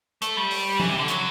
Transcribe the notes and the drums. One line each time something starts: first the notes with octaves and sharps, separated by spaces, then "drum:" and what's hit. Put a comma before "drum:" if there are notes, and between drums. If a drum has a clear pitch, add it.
A3, drum: hi-hat
G3
drum: open hi-hat
E3, drum: tom F3
C3
D3
F#3, drum: hi-hat